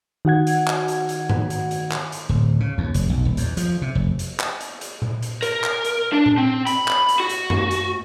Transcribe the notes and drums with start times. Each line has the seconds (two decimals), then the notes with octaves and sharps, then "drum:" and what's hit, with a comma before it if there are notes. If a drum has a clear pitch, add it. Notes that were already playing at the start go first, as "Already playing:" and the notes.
0.25 D#3 F#4 F#5 G#6
0.47 drum: hi-hat
0.67 drum: clap
0.88 drum: hi-hat
1.09 drum: hi-hat
1.30 drum: tom G#2
1.50 drum: hi-hat
1.71 drum: hi-hat
1.92 drum: clap
2.12 drum: hi-hat
2.29 D1
2.60 C#3
2.78 D#2
2.94 F1, drum: hi-hat
3.09 B1
3.25 D#1
3.37 E2, drum: hi-hat
3.57 F3, drum: hi-hat
3.82 C3
3.95 F1
4.19 drum: hi-hat
4.40 drum: clap
4.60 drum: hi-hat
4.81 drum: hi-hat
5.02 drum: tom A#2
5.23 drum: hi-hat
5.42 A#4, drum: hi-hat
5.64 drum: clap
5.85 drum: hi-hat
6.12 D4
6.26 drum: tom A#2
6.38 C4
6.67 B5, drum: hi-hat
6.88 drum: clap
7.09 drum: hi-hat
7.20 F#4
7.29 drum: hi-hat
7.50 drum: tom F#2
7.71 drum: hi-hat